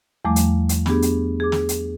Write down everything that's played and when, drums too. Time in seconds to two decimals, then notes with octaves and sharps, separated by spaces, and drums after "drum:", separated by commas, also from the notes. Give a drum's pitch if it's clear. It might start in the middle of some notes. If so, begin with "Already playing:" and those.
0.25 E2 F3 G3 A3 D6
0.36 drum: hi-hat
0.69 drum: hi-hat
0.86 B3 D4 G4 G#4, drum: snare
1.02 drum: hi-hat
1.40 G#4 D6
1.52 drum: snare
1.69 drum: hi-hat